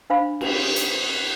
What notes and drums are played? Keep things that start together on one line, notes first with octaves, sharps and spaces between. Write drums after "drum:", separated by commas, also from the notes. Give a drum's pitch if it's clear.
D4 C5 F5 B5
drum: cymbal
drum: hi-hat